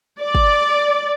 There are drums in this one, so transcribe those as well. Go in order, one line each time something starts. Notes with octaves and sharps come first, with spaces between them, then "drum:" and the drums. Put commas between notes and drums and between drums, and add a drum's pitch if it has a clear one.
D5
drum: kick